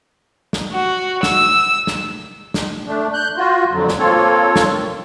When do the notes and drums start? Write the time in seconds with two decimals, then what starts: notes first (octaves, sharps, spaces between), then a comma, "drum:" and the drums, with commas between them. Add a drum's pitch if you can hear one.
0.53 drum: snare
0.72 F#4
1.23 E6, drum: snare
1.87 drum: snare
2.54 drum: snare
2.86 A3 D4
3.14 F#6 G6
3.37 F4 F#4
3.72 F2 D3 F#3
3.89 drum: snare
3.99 A#3 C4 F4 A4 C#5
4.56 drum: snare